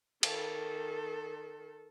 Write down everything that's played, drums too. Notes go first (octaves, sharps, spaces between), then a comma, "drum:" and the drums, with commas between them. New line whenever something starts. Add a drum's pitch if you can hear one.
D#3 A4, drum: cymbal